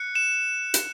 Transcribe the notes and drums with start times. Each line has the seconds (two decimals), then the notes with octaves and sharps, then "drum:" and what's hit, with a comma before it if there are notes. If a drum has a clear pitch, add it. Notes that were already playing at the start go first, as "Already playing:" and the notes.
Already playing: F#6 C#7
0.15 E7
0.74 drum: hi-hat